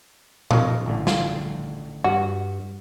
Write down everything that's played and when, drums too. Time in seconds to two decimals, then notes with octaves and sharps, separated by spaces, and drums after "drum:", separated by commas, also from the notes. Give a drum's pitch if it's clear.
0.51 F3 F#3 F4 A#4 D#5, drum: tom A#2
0.86 A1 D3
1.07 F4, drum: snare
2.04 G2 F#4